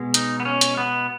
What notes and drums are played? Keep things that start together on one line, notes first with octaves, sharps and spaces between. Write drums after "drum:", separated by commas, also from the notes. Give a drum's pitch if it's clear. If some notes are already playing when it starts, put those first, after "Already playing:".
Already playing: B2 G#3
D#4, drum: hi-hat
B3
C#4
drum: hi-hat
B3